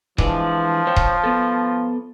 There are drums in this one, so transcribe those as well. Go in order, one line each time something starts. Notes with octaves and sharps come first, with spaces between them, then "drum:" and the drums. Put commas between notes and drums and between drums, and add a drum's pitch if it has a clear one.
E3 F3 G#3 D4, drum: kick D#1
C5 C#5 G5
drum: kick D#1
B3 A4